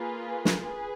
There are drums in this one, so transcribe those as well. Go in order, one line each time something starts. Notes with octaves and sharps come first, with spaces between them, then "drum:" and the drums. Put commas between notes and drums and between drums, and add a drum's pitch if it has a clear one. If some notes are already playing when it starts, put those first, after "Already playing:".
Already playing: A#3 F4 G#4 B4
drum: snare
G#4 B4